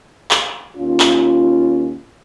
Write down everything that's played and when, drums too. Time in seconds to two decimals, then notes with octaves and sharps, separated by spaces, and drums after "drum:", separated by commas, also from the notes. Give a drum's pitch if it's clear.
0.31 drum: clap
0.77 D#2 C#4 F4
1.00 drum: clap